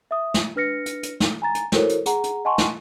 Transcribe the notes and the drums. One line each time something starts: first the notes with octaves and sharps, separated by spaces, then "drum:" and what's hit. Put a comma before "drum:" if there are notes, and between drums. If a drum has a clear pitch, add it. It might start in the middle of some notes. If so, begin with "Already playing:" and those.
E5 D#6
drum: snare
D4 B4 F6 A#6 C#7
drum: hi-hat
drum: hi-hat
drum: snare
G#5 A#5 A6
drum: hi-hat
E4 F#4 A4 A#4 C5 C#5, drum: snare
drum: hi-hat
G#4 F#5 A#5, drum: hi-hat
drum: hi-hat
D#5 F#5 G#5 A5 C6 C#6
drum: snare